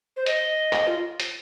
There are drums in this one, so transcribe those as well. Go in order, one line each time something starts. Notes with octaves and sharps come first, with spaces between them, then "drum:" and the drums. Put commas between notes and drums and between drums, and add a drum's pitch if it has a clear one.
C5
D#5, drum: hi-hat
drum: clap
F4
drum: hi-hat